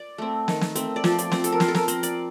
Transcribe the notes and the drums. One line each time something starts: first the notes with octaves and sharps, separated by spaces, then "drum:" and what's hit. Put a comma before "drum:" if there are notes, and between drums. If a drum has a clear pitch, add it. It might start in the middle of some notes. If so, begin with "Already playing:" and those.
Already playing: D5
A3 C4
D#3, drum: snare
drum: snare
A3 C4, drum: hi-hat
D5
F3 C5, drum: snare
D5, drum: hi-hat
C4 C5, drum: snare
A4, drum: hi-hat
A#4
F3 C5, drum: snare
A4
A#4, drum: snare
C4 C5, drum: hi-hat
D5, drum: hi-hat